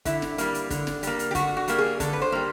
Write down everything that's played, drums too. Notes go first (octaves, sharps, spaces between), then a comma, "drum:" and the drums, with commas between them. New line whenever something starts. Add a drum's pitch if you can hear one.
D3 E4, drum: kick F#1, hi-hat
drum: snare
G3 A#3, drum: hi-hat
drum: hi-hat
D3, drum: kick F#1, hi-hat
drum: snare
G3 A#3, drum: hi-hat
drum: hi-hat
G4
D3 F#4, drum: kick F#1, hi-hat
F#4
G3 A#3, drum: hi-hat
G#4
D3 A4, drum: kick F#1, hi-hat
B4
C5
G3 A#3